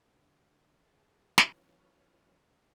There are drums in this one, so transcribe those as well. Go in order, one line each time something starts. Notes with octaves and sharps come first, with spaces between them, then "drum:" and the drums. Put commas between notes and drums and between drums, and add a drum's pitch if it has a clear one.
D3
G#4 A5
E3 F#3 C#4 F4 B4 C#5, drum: snare